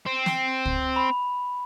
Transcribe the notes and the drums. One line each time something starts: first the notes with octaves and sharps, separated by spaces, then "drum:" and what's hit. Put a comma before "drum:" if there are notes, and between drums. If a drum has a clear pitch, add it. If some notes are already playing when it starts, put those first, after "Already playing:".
C4
drum: snare
drum: kick
B5